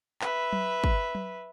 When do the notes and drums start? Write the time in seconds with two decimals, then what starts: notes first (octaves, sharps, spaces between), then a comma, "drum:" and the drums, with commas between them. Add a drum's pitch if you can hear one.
0.21 B4 E5, drum: clap
0.53 drum: tom F#3
0.84 drum: kick
1.15 drum: tom F#3